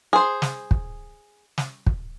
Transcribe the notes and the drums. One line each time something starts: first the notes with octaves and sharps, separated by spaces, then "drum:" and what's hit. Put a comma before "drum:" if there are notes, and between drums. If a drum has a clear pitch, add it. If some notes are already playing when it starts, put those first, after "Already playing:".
G#4 C5
drum: snare
drum: kick
drum: snare
drum: kick